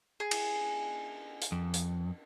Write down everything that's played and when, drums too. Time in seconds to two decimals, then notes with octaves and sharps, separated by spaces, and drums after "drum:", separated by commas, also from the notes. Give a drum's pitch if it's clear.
0.20 G#4
0.31 drum: cymbal
1.42 drum: hi-hat
1.52 F2
1.74 drum: hi-hat